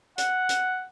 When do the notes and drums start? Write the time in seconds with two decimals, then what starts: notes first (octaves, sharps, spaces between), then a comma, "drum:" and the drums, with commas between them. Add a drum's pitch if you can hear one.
0.18 F#5, drum: hi-hat
0.49 drum: hi-hat